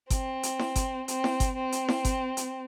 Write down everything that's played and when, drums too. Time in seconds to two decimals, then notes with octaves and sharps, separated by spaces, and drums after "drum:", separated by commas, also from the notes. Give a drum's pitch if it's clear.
0.10 C4, drum: kick G1, hi-hat
0.43 drum: hi-hat
0.59 drum: snare E4
0.76 drum: kick G1, hi-hat
1.08 C4, drum: hi-hat
1.24 drum: snare E4
1.40 drum: kick G1, hi-hat
1.56 C4
1.72 drum: hi-hat
1.88 drum: snare E4
2.05 drum: kick G1, hi-hat
2.37 drum: hi-hat